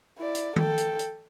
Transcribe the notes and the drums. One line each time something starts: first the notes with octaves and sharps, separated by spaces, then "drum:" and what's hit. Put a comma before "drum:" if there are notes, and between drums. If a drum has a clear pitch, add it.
E4 D5
drum: hi-hat
A4 G5, drum: tom D#3
drum: hi-hat
drum: hi-hat